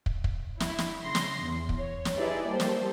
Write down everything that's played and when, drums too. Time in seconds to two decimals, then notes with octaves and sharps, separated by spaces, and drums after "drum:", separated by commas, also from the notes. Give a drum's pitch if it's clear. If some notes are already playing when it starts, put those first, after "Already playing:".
0.06 drum: kick
0.24 drum: kick
0.60 E4, drum: snare
0.78 drum: snare
1.03 C#3 C6 A#6
1.15 drum: snare
1.43 E2
1.69 drum: kick
1.79 C#5
2.05 drum: snare
2.17 D#4 E4 G4 G#4 B4 D5
2.48 G3 A#3 G4 A4 C5
2.60 drum: snare